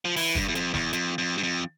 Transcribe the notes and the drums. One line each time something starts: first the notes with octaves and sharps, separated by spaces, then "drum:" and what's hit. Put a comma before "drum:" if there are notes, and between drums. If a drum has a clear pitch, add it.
F3
E3, drum: open hi-hat
G2, drum: kick
E2
F2, drum: hi-hat
E2, drum: snare
F2, drum: hi-hat
F2
G2
F2